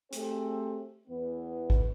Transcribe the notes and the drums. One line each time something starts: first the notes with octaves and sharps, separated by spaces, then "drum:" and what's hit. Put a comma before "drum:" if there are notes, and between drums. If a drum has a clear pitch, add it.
A3 C4 G4 G#4 C5, drum: hi-hat
E2 E3 B3
drum: kick G#1